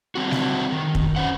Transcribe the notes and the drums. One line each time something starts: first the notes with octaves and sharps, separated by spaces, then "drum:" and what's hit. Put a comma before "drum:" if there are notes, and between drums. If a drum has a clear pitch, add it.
G3 C4 F#4
drum: snare G3
D#3
drum: kick
C#4 C5 F#5